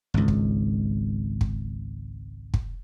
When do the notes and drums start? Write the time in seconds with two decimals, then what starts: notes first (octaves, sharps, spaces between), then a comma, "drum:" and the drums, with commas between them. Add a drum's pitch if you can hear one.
0.14 G#1 C#2
0.28 drum: kick
1.41 drum: kick
2.54 drum: kick